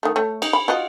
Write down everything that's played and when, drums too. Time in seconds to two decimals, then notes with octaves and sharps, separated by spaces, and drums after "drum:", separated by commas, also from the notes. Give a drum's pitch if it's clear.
0.03 D#3 A3
0.16 A3 C#5
0.42 D#4, drum: cymbal
0.53 B5
0.68 F4 F#4 D#5